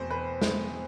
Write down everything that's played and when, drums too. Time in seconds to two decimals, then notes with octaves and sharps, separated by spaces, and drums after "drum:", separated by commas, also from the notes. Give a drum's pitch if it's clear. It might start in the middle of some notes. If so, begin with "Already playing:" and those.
Already playing: E2 B2 A3 C4 C5
0.10 B4
0.41 drum: snare